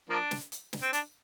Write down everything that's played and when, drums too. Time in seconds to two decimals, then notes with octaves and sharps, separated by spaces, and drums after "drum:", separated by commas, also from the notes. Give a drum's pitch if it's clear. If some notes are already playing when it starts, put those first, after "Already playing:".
0.10 F3 A#3 D4
0.31 drum: snare
0.52 drum: hi-hat
0.73 drum: snare
0.82 C4
0.93 D4, drum: hi-hat